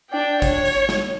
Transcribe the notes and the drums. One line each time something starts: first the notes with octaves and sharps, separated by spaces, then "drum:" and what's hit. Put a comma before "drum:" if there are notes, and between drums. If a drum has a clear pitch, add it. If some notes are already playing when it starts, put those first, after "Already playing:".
D4 G5
C#5, drum: kick G#1, hi-hat
drum: hi-hat
drum: snare